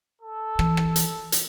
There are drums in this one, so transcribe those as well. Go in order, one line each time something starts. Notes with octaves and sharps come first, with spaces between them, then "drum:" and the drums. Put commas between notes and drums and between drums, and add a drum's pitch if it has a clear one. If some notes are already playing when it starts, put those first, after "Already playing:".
A4
E3, drum: rim click
drum: rim click
drum: hi-hat
drum: hi-hat